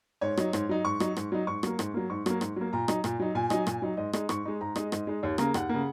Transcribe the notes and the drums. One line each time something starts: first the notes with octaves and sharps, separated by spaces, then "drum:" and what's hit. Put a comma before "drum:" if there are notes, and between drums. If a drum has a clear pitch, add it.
G#2 C#5
F#3 D#4, drum: rim click
G#2, drum: rim click
F#3 D#4
G#2 C#6
F#3 D#4, drum: rim click
G#2, drum: rim click
F#3 D#4
G#2 C#6
F#3 A#3, drum: rim click
G#2, drum: rim click
F#3 A#3
G#2 C#6
F#3 A#3, drum: rim click
G#2, drum: rim click
F#3 A#3
A#2 A#5
F#3 D#4, drum: rim click
A#2, drum: rim click
F#3 D#4
A#2 G#5
F#3 D#4, drum: rim click
A#2, drum: rim click
F#3 D#4
G#2 D#5
G#3 D#4 D#5, drum: rim click
G#2 C#6, drum: rim click
G#3 D#4
G#2 A#5
G#3 D#4 D#5, drum: rim click
G#2, drum: rim click
G#3 D#4
D#2 C#5
C#3 A#3 A#5, drum: rim click
D#2 F#5, drum: rim click
C#3 A#3